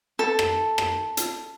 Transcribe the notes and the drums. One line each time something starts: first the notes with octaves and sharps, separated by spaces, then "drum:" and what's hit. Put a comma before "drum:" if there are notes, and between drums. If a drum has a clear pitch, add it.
A4
drum: rim click
drum: rim click
drum: hi-hat